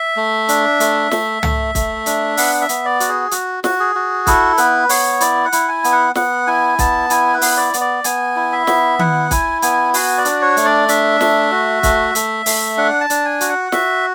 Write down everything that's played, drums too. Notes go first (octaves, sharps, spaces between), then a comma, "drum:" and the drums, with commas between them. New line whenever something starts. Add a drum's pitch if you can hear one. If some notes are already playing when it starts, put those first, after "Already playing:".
Already playing: E5
A3
D4, drum: hi-hat
A3, drum: hi-hat
A3, drum: snare
A3, drum: tom
A3, drum: kick, hi-hat
D4, drum: hi-hat
B3 F#5, drum: open hi-hat
E5
B3, drum: hi-hat
D5
F#4, drum: hi-hat
G#4
F#4, drum: hi-hat
F#4, drum: snare
G#4
F#4
E4 A4, drum: kick, hi-hat
B3 B4, drum: hi-hat
B3 C#5, drum: open hi-hat
E4 D5, drum: hi-hat
F#5
E4, drum: hi-hat
G#5
B3, drum: hi-hat
F#5
B3 F#5, drum: snare
E4 G#5
B3 A5, drum: kick, hi-hat
E4 G#5, drum: hi-hat
B4
B3, drum: open hi-hat
D5
B3, drum: hi-hat
D5
B3 G#5, drum: hi-hat
E4
E5
B3, drum: snare
E4 F#5, drum: tom D#3
E4 G#5, drum: kick, hi-hat
B3 G#5, drum: hi-hat
F#4 G#5, drum: open hi-hat
D5
D4, drum: hi-hat
C#5
A3, drum: hi-hat
D5
D4 E5, drum: hi-hat
A3, drum: snare
F#4
A3, drum: kick, hi-hat
A3, drum: hi-hat
A3, drum: open hi-hat
D4 F#5
A5
D4, drum: hi-hat
G#5
F#4, drum: hi-hat
F#5
F#4 E5, drum: snare